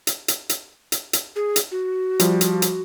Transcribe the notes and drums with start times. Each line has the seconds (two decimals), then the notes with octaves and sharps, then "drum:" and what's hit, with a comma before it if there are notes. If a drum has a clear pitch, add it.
0.07 drum: hi-hat
0.28 drum: hi-hat
0.49 drum: hi-hat
0.92 drum: hi-hat
1.13 drum: hi-hat
1.36 G#4
1.56 drum: hi-hat
1.71 F#4
2.19 F3 G3, drum: hi-hat
2.41 drum: hi-hat
2.62 drum: hi-hat